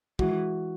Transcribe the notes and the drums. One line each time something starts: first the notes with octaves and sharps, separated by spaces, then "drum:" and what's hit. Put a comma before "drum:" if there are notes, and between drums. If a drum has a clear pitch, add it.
E3 G#3 F#4, drum: kick